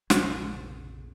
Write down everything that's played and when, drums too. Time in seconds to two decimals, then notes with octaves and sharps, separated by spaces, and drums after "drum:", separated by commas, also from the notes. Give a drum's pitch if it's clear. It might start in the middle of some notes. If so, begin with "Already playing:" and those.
0.10 F1 A#1 F2 C#3, drum: snare